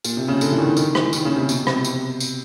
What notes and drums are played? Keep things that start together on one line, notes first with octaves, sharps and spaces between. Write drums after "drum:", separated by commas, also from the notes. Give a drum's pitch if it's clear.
A#2, drum: tambourine
C3
C#3
D3, drum: tambourine
E3
D#3
D#3, drum: tambourine
E3, drum: rim click
D#3, drum: tambourine
C#3
C3
B2, drum: tambourine
C3, drum: rim click
drum: tambourine
drum: tambourine